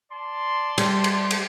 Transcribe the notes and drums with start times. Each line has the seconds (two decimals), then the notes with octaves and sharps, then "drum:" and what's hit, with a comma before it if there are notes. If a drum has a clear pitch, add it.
0.11 D5 A5 C6
0.78 G3, drum: cymbal
1.04 drum: cymbal
1.31 drum: cymbal